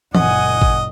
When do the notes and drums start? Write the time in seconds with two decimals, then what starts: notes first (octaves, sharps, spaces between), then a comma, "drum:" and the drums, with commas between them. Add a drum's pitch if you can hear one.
0.15 F#1 A#2 D#5 F#5 G#5, drum: tom E3
0.62 drum: kick G#1